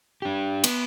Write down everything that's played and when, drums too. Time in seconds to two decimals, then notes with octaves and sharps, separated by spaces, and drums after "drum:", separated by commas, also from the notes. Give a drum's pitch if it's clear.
0.22 D4 G4
0.64 B3, drum: cymbal